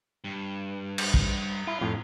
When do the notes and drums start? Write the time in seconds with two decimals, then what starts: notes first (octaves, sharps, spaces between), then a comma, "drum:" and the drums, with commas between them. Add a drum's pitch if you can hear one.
0.24 G2
0.98 drum: cymbal
1.14 drum: kick
1.67 E4 F4
1.81 F2 A2